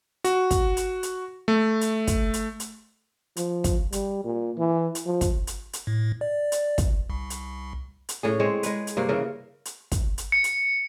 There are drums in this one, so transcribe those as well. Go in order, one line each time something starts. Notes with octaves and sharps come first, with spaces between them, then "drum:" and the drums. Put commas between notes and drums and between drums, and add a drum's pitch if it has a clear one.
F#4, drum: hi-hat
drum: kick, hi-hat
drum: hi-hat
drum: hi-hat
A3
drum: hi-hat
drum: kick, hi-hat
drum: hi-hat
drum: hi-hat
F3, drum: hi-hat
drum: kick, hi-hat
G3, drum: hi-hat
A#2
E3
drum: hi-hat
F3
drum: kick, hi-hat
drum: hi-hat
drum: hi-hat
A2
D5
drum: hi-hat
drum: kick, hi-hat
C2
drum: hi-hat
drum: hi-hat
A2 C#4 G#4
G#3 C4 C#5
G#3 B4, drum: hi-hat
drum: hi-hat
G2 C3 A#3
C#3 E3 A#4
drum: hi-hat
drum: kick, hi-hat
drum: hi-hat
C#7
drum: hi-hat